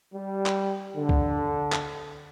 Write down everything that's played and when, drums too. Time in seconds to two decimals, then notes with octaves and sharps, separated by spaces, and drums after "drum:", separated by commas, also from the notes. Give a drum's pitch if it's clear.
0.14 G3
0.46 drum: clap
0.97 D3
1.09 drum: kick C2
1.72 drum: clap